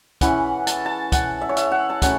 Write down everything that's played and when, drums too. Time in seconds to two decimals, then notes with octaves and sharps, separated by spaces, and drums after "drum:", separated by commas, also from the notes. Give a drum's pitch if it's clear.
0.21 E3 C#4 E4 F#5, drum: kick, hi-hat
0.67 A5, drum: hi-hat
0.86 A5
1.12 F#5, drum: kick, hi-hat
1.41 E5
1.49 C#5
1.57 E5, drum: hi-hat
1.72 F#5
1.90 A5
2.02 A2 F#3 C#4 F#5, drum: kick, hi-hat